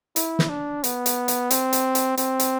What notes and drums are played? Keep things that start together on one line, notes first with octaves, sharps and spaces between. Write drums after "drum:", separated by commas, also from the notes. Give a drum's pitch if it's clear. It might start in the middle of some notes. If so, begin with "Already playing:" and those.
E4, drum: hi-hat
drum: snare
D4
B3, drum: hi-hat
drum: hi-hat
drum: hi-hat
C4, drum: hi-hat
drum: hi-hat
drum: hi-hat
C4, drum: hi-hat
drum: hi-hat